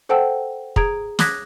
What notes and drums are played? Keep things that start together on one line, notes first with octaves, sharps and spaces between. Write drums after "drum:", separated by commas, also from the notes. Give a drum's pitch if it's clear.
A4 C5 F#5 G5 A5 E6
G#4 A#5 D#6 G#6 D7, drum: kick
D6 D#6 F#6 G#6 A#6 B6, drum: snare